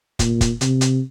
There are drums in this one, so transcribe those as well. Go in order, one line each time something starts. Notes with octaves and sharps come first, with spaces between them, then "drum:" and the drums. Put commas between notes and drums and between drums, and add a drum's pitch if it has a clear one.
A#2, drum: kick, hi-hat
drum: kick, hi-hat
C3, drum: hi-hat
drum: hi-hat